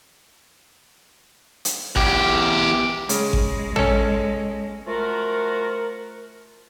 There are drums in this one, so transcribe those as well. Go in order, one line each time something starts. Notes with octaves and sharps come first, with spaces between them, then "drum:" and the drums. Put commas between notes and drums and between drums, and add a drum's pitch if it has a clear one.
drum: hi-hat
E2 G4, drum: kick G#1
C#3 G#3, drum: hi-hat
drum: kick G#1
C#4 A4, drum: tom
F3 A3 F4 F#4 A#4